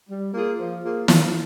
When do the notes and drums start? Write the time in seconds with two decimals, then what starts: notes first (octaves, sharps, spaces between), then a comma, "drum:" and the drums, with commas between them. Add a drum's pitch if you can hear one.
0.09 G3
0.34 A#3 F4 G#4
0.59 F3
0.83 A#3 F4 G#4
1.08 F3, drum: snare